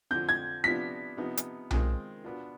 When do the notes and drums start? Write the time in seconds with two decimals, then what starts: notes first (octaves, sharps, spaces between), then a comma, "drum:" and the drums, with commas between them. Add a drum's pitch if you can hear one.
0.11 F2 D3 F3 C4 G6
0.29 G#6
0.64 C3 F3 B3 D4 F4 B6
1.17 C3 F3 B3 D#4
1.37 drum: hi-hat
1.71 D#3 G#3 C4 F4, drum: tom B1
2.24 B2 B3 D4 F4